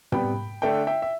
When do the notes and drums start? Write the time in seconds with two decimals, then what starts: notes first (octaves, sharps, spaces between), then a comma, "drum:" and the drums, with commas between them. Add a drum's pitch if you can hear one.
0.12 C3 G3 B3 G5 B5, drum: tom
0.62 D3 A3 D4 E5 G5
0.87 E5 G5
1.02 E5